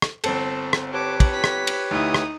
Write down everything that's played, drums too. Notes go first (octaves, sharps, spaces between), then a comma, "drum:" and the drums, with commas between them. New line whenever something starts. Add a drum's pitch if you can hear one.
drum: rim click
G1 C4 A4, drum: cymbal
drum: rim click
G4 B4 C#5 A5 D6
drum: kick, cymbal
B6
drum: rim click
drum: cymbal
D2 D#4 E4 D#6
drum: rim click